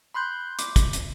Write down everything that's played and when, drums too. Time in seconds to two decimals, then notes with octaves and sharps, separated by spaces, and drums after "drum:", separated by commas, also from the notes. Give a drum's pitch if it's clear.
0.14 B5 C6 F#6 G6
0.59 D6, drum: hi-hat
0.76 drum: kick, hi-hat
0.93 drum: hi-hat